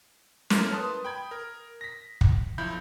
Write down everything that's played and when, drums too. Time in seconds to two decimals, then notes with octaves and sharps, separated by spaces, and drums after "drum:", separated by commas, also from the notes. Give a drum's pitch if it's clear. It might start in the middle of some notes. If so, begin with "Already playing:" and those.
0.50 A3 A#3 C#4 E4 A#4, drum: snare
0.71 B4 A5 C6 D#6
1.05 G5 B5 G#6
1.31 A#4
1.81 A#6 B6
2.21 drum: kick
2.58 B1 F3 E4 B5 G6